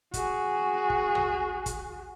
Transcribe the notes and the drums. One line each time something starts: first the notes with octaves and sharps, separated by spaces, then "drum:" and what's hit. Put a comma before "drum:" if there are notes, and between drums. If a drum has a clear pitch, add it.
F#4 G#4, drum: kick, hi-hat
drum: kick
drum: tom
drum: kick, hi-hat